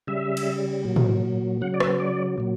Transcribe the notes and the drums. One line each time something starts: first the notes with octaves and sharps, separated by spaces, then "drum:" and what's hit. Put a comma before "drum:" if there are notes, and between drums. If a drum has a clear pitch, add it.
C#3 G3 E5
drum: cymbal
A#2 F#3
drum: tom
C#3 F#3 F#5
D5
E5, drum: rim click
D5
A#2 F#3